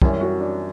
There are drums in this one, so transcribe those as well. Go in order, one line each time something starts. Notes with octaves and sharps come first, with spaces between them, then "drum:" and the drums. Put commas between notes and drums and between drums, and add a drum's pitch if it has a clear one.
F#2 E3 G3 C#4, drum: kick
F#4
D4